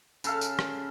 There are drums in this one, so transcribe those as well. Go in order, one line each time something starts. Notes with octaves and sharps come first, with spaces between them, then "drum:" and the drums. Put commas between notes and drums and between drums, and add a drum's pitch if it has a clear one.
C#3 A4 F5, drum: tambourine
drum: tambourine
drum: rim click